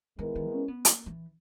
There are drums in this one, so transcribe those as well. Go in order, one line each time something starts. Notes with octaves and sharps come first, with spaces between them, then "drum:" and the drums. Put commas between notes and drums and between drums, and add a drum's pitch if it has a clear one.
D#3 G#3 B3 E4 A#4
D#3
C#4
B3
A#3, drum: hi-hat
E3